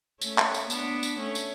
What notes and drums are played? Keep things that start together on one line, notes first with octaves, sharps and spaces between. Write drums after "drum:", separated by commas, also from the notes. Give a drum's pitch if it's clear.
A3 C#4, drum: tambourine
drum: clap
drum: tambourine
B3 D4, drum: tambourine
drum: tambourine
A3 C#4
drum: tambourine